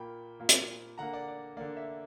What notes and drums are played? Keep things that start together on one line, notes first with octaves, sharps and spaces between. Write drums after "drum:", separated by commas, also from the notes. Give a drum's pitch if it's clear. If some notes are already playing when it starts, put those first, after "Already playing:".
Already playing: A#2 A#3 G5 B5
A#2 A#3
drum: hi-hat
D3 A#3 F#5 A#5
D5 F#5
D5
D3 A#3 D5
E5